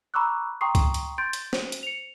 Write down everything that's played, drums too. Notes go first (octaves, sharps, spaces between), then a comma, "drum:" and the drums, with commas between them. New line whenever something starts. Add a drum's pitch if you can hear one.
A#5 B5 C#6 D6 E6 F#6
G5 A#5 C6 C#6 D#6 C7
drum: kick C#2, hi-hat
drum: hi-hat
C6 G6 A6 D7
drum: hi-hat
C5, drum: snare
drum: hi-hat
C#7 F7